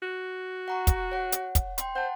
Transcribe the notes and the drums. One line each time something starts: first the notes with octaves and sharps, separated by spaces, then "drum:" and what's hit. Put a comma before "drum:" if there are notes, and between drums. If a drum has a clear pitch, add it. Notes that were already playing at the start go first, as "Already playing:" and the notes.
F#4
F#5 A#5 C#6
drum: kick, hi-hat
C#5 F#5
drum: hi-hat
drum: kick, hi-hat
G5 C6, drum: hi-hat
C5 F#5 A5